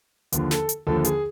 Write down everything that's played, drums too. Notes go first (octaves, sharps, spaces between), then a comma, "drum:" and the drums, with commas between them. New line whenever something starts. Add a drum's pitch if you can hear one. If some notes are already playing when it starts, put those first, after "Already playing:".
D#2 D3 F3, drum: hi-hat
A4, drum: snare
drum: hi-hat
D#2 D3 F3 A4
G#4, drum: hi-hat